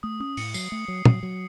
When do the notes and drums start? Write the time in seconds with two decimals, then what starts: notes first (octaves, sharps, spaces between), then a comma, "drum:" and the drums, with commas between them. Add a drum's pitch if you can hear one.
0.03 A3 D#6
0.20 C#4 D#6
0.37 A2 C#7, drum: open hi-hat
0.54 F#3 C7, drum: tambourine
0.72 A3
0.88 F#3
1.05 F#3, drum: tom
1.23 F#3